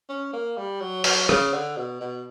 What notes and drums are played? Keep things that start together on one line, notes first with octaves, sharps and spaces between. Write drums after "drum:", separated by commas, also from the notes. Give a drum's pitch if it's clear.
C#4
A#3
G3
F#3
F#3, drum: open hi-hat
C#3, drum: rim click
D3
B2
B2